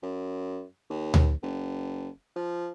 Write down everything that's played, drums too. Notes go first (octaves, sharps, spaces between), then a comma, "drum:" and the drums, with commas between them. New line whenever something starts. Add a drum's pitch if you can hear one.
F#2
D#2
drum: tom D2
F#1
F3